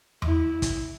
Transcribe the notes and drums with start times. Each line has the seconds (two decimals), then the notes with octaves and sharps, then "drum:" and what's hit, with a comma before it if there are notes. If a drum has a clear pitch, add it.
0.22 E4, drum: tom E2
0.62 drum: kick, hi-hat